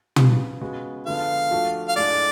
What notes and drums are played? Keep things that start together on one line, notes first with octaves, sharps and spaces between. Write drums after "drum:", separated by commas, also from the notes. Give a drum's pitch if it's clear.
C#3 F3 B3, drum: tom
C#3 G#3 B3 F#4
D3 F3 G#3 B3 D4 F5
F3 A3 D4 F#4
F5
A2 G#3 D4 D5